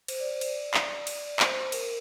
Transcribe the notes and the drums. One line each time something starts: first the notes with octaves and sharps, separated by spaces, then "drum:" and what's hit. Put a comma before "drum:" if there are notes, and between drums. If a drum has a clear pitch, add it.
C5, drum: cymbal
D5
C5
D5, drum: cymbal
drum: clap
drum: cymbal
D5
C5, drum: clap
A#4, drum: cymbal
A#4